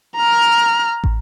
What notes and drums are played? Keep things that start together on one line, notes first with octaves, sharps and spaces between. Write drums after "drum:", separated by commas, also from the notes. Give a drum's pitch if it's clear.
A#5 F6
drum: kick